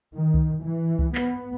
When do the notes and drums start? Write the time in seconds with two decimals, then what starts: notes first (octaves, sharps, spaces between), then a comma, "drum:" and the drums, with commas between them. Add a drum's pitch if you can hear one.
0.14 D#3
0.34 drum: kick C2
0.63 E3
0.99 drum: kick C2
1.15 B3, drum: clap